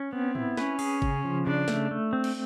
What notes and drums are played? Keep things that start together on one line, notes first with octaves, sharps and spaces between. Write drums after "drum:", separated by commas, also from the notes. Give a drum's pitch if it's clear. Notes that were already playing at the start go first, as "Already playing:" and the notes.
Already playing: C#4
B3 C4
E4, drum: tom G#2
C#4 B4, drum: snare
G#4, drum: open hi-hat
C#3, drum: kick G1
F3
C#3 D4
A3, drum: snare
A3
C4
drum: cymbal